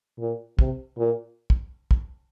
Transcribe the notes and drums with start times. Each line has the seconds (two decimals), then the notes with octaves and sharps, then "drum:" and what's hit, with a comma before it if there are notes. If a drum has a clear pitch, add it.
0.19 A#2
0.59 C3, drum: kick
0.97 A#2
1.50 drum: kick
1.91 drum: kick